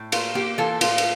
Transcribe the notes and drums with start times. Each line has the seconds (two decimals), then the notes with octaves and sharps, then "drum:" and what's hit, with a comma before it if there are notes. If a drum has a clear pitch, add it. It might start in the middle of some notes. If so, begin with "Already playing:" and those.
Already playing: A2
0.12 A#3 F4, drum: cymbal
0.35 A#3 G4
0.58 E3 F4 A4
0.81 A2 F4, drum: cymbal
0.98 drum: cymbal